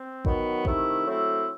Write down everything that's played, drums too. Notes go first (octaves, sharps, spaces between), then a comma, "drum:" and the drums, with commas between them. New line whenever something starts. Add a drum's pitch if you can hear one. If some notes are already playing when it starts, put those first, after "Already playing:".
Already playing: C4
D#3 F#3 B3, drum: kick A1
C3 D#3 A3 E4, drum: kick A1
F#3 A3 C4 E4